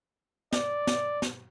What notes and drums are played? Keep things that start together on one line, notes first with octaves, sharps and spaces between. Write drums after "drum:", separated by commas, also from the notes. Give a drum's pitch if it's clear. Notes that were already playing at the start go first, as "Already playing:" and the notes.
D5, drum: snare
drum: snare
drum: snare